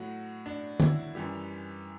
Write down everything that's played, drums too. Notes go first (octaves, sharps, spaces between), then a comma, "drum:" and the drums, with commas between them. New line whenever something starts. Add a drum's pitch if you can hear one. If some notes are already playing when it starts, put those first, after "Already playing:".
Already playing: A2 F#3 F#4
D4
E4, drum: tom
F#2 E3 G3 G4